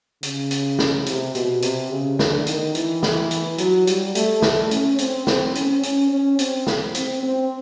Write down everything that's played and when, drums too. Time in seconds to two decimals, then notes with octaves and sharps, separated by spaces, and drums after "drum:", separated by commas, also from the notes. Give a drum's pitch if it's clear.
0.23 C#3, drum: hi-hat
0.51 drum: hi-hat
0.79 drum: snare
1.06 C3, drum: hi-hat
1.35 B2, drum: hi-hat
1.62 C3, drum: hi-hat
1.91 C#3
2.19 D3, drum: snare
2.46 D#3, drum: hi-hat
2.75 E3, drum: hi-hat
3.03 drum: snare
3.31 drum: hi-hat
3.58 F#3, drum: hi-hat
3.87 G3, drum: hi-hat
4.15 A3, drum: hi-hat
4.42 A3, drum: snare
4.71 C#4, drum: hi-hat
4.98 C4, drum: hi-hat
5.27 C4, drum: snare
5.55 C#4, drum: hi-hat
5.83 C#4, drum: hi-hat
6.11 C#4
6.39 C4, drum: hi-hat
6.67 drum: snare
6.95 C4, drum: hi-hat
7.23 C4